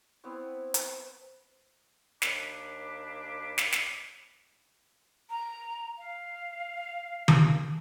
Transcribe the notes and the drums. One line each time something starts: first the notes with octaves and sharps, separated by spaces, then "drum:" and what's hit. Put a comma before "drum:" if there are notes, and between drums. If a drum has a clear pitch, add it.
B3 C4 E4 C#5
drum: hi-hat
D#2 D4 B5 D6, drum: snare
drum: snare
drum: snare
A#5
F5
drum: tom D#3